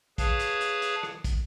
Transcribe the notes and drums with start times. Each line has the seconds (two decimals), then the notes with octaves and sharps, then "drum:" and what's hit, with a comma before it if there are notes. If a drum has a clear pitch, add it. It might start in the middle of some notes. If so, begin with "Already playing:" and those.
0.18 G#4 B4 C#5 F5 A5, drum: kick, hi-hat
0.39 drum: hi-hat
0.61 drum: hi-hat
0.82 drum: hi-hat
1.03 drum: rim click
1.24 drum: kick, hi-hat